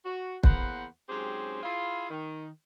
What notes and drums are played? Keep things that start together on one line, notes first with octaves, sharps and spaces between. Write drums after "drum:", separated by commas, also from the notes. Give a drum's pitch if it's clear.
F#4
E2 A#3 B4 C5 F#5, drum: kick
G#2 F#3 C4 C#4 G4 G#4
E4 F4 G#4
D#3